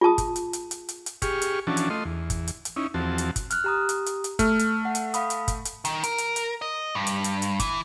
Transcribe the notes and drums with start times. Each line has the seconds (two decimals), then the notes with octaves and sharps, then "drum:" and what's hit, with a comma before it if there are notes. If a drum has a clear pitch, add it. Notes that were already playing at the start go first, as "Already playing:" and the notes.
0.01 F4 G#4 A5 D#6
0.18 drum: kick, hi-hat
0.36 drum: hi-hat
0.53 drum: hi-hat
0.71 drum: hi-hat
0.89 drum: hi-hat
1.06 drum: hi-hat
1.22 G4 G#4 C#6 F6, drum: kick, hi-hat
1.42 drum: hi-hat
1.67 E3 F3 C#4 D4 F#4 A5
1.77 drum: hi-hat
1.90 A3 F4 D#5 C6
2.05 E2
2.30 drum: kick, hi-hat
2.47 drum: hi-hat
2.65 drum: hi-hat
2.76 C#4 D#4 E4
2.94 E2 F3 C4 F#4 A5
3.18 drum: hi-hat
3.36 drum: kick, hi-hat
3.50 F6 F#6, drum: hi-hat
3.64 G4 A#5 D#6
3.89 drum: hi-hat
4.06 drum: hi-hat
4.24 drum: hi-hat
4.39 A3 F6, drum: kick, hi-hat
4.59 drum: hi-hat
4.85 F#5
4.95 drum: hi-hat
5.14 F5 B5 D#6, drum: hi-hat
5.30 drum: hi-hat
5.48 drum: kick, hi-hat
5.65 drum: hi-hat
5.85 D#3, drum: hi-hat
6.03 A#4, drum: hi-hat
6.18 drum: hi-hat
6.36 drum: hi-hat
6.62 D#5
6.95 G2
7.07 drum: hi-hat
7.24 drum: hi-hat
7.42 drum: hi-hat
7.60 E3, drum: kick, hi-hat